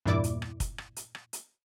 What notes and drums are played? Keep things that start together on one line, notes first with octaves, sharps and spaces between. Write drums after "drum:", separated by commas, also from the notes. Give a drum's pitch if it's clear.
E2 G2 A#2 E4 D5 D6
drum: hi-hat
drum: rim click
drum: kick, hi-hat
drum: rim click
drum: hi-hat
drum: rim click
drum: hi-hat